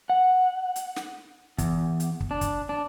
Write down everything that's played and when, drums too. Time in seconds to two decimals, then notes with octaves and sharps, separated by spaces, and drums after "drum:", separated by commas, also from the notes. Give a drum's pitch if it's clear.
0.10 F#5
0.76 drum: hi-hat
0.96 drum: snare
1.58 E2, drum: kick, hi-hat
2.00 drum: hi-hat
2.20 drum: kick
2.31 D4
2.41 drum: kick, hi-hat
2.69 D4